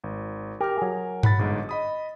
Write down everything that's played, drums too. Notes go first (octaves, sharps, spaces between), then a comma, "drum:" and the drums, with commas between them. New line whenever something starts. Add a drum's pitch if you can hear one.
G#1
G4 A#4 F6
F#3 G#4
F#5 B5 A6, drum: tom G2
G1 G#2
D#5 B5 D#6